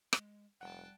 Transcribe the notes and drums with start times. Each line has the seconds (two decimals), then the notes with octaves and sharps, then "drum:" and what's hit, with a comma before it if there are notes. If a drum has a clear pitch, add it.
0.13 G#3, drum: rim click
0.61 F1 G3 F#5 G5 A5